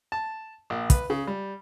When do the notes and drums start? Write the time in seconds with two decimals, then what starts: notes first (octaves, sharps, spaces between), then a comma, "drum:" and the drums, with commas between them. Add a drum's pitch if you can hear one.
0.12 A5
0.70 A#1
0.90 B4, drum: kick, hi-hat
1.10 C#3
1.27 G3